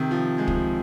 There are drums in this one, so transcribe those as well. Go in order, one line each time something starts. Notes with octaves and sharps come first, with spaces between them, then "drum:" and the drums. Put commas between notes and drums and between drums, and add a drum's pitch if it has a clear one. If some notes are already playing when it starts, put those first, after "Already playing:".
Already playing: C3 D#3
F3
G#3
F3, drum: kick
G#3